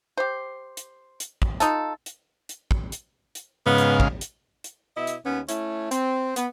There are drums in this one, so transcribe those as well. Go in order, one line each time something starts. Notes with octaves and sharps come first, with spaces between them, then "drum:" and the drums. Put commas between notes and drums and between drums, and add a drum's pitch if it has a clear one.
G4 C5
drum: hi-hat
drum: hi-hat
drum: kick
D#4 F4 A4, drum: hi-hat
drum: hi-hat
drum: hi-hat
drum: kick
drum: hi-hat
drum: hi-hat
G#2 C#3 B3 F5
drum: hi-hat
drum: kick
drum: hi-hat
drum: hi-hat
B2 E4 D#5 E5
drum: hi-hat
D#2 B3 C#4
A3 C#4 E4, drum: hi-hat
C4, drum: hi-hat
B3, drum: hi-hat